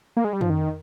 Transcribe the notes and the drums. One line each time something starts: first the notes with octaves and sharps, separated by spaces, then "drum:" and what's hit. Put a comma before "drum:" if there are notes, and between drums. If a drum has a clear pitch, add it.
A#3
G#3
G3
F3, drum: tom
D#3